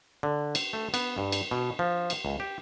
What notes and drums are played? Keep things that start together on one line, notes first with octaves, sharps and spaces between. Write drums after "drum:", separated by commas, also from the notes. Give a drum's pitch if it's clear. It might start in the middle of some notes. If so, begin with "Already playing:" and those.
D3
drum: cymbal
A3
B3, drum: cymbal
G2
drum: cymbal
B2
F3
drum: cymbal
C#2
G4